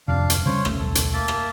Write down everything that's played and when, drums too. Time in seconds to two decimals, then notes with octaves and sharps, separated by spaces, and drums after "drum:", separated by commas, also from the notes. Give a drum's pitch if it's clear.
0.08 D1 F2 C3 D4 F5
0.30 drum: hi-hat
0.46 C#3 G3 C#4 C5 C#5
0.65 D#1 B1 A3, drum: rim click
0.79 A4
0.95 drum: hi-hat
1.13 A#3 E5 A5
1.28 drum: rim click